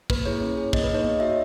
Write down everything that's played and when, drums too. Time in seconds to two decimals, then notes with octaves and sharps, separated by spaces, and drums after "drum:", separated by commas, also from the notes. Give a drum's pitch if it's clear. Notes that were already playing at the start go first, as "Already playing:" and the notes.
0.10 A#3 B4, drum: kick
0.26 E4 G#4 C#5
0.42 C#4
0.58 G#4
0.73 A#3 D#5, drum: kick
0.84 B4
0.88 G#4
0.93 D#4 C#5
1.05 B3 D#5
1.20 F#4 E5